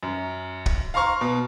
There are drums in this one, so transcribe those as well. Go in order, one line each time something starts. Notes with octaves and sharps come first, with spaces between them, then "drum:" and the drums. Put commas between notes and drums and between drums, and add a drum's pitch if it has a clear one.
F#2
drum: kick
F5 A#5 C6 C#6 F6
B2